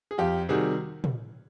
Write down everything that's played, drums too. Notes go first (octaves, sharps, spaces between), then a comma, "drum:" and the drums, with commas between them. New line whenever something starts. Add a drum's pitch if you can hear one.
G#4
F2 F4 G4
C3 D#3 G3 F#4 G#4
drum: tom